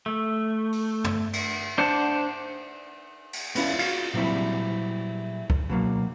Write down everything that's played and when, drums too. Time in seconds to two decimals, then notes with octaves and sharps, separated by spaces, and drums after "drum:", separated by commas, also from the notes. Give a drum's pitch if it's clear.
0.06 A3
0.72 drum: open hi-hat
1.04 drum: tom
1.33 drum: cymbal
1.78 D4 C5 F#5 A5
3.33 drum: cymbal
3.55 B3 C#4 E4 F4, drum: cymbal
3.79 F4 F#4, drum: cymbal
4.14 A#2 F#3 G3 C4 E4
5.50 drum: kick
5.69 B2 F#3 A#3